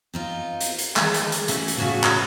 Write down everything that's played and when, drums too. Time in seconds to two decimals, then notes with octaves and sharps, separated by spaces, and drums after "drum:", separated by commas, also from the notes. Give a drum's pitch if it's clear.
0.14 C4 D#4 F4
0.61 drum: hi-hat
0.78 drum: hi-hat
0.96 D#3 E3 G#3 A3 A4, drum: clap
1.14 drum: hi-hat
1.32 drum: hi-hat
1.48 E3 A3 C#4 E4 F#4, drum: hi-hat
1.68 drum: hi-hat
1.77 A2 C#3 F#4 C#5 F#5 G#5
2.04 drum: clap